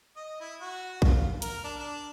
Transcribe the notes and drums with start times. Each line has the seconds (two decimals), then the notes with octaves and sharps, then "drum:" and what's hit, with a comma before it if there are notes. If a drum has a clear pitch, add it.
0.16 D#5
0.40 E4
0.61 F#4
1.02 F4, drum: kick A#1
1.42 A#4, drum: hi-hat
1.64 D4
1.79 D4